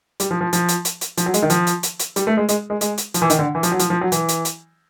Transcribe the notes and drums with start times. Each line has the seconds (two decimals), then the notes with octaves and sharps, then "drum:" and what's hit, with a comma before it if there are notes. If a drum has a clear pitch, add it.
0.20 G3, drum: hi-hat
0.31 F3
0.41 F3
0.53 F3, drum: hi-hat
0.69 drum: hi-hat
0.85 drum: hi-hat
1.01 drum: hi-hat
1.18 F3, drum: hi-hat
1.26 F#3
1.34 G#3, drum: hi-hat
1.42 D#3
1.50 F3, drum: hi-hat
1.67 drum: hi-hat
1.83 drum: hi-hat
2.00 drum: hi-hat
2.16 G3, drum: hi-hat
2.27 A3
2.37 G#3
2.49 G#3, drum: hi-hat
2.70 G#3
2.81 G#3, drum: hi-hat
2.98 drum: hi-hat
3.14 F3, drum: hi-hat
3.22 E3
3.30 D#3, drum: hi-hat
3.39 D3
3.55 E3
3.63 F3, drum: hi-hat
3.72 F#3
3.80 F3, drum: hi-hat
3.90 F3
4.01 F#3
4.12 E3, drum: hi-hat
4.29 drum: hi-hat
4.45 drum: hi-hat